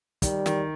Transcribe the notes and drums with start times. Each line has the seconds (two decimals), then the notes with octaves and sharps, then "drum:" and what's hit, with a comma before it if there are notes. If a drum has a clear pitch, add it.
0.22 D#3 G3, drum: kick, hi-hat
0.46 D#3, drum: snare